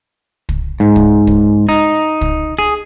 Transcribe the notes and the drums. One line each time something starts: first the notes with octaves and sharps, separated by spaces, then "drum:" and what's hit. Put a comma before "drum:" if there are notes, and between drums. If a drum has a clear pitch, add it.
drum: kick
G#2
drum: kick
drum: kick
D#4
drum: kick
G#4